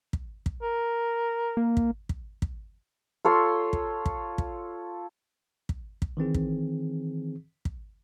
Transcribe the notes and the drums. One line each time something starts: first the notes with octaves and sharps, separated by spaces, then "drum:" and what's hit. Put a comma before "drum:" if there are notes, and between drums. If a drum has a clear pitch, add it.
drum: kick
drum: kick
A#4
A#3
drum: kick
drum: kick
drum: kick
F4 A4 C#5 C6
drum: kick
drum: kick
drum: kick
drum: kick
drum: kick
D#3 E3 C4 G#4
drum: kick
drum: kick